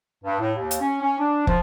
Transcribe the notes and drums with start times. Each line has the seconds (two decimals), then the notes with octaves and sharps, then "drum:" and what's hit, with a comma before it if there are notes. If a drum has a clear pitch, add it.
0.24 G2
0.40 A2
0.57 D#2
0.71 drum: hi-hat
0.81 C#4
1.02 C#4
1.19 D4
1.47 F3, drum: kick